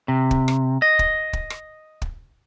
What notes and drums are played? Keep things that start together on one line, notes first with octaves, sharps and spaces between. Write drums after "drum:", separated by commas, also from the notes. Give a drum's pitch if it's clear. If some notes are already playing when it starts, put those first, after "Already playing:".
C3
drum: kick
drum: rim click
D#5
drum: kick
drum: kick
drum: rim click
drum: kick